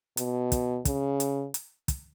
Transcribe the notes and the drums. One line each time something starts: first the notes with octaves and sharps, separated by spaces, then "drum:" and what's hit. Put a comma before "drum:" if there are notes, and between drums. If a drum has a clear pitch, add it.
B2, drum: hi-hat
drum: kick, hi-hat
C#3, drum: kick, hi-hat
drum: hi-hat
drum: hi-hat
drum: kick, hi-hat